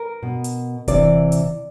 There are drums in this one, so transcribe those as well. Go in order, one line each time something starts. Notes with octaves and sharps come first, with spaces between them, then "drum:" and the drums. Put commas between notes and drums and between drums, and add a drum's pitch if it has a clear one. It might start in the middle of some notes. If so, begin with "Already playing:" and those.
Already playing: A#4
B2
drum: hi-hat
C3 E3 D5, drum: kick D#1, hi-hat
drum: hi-hat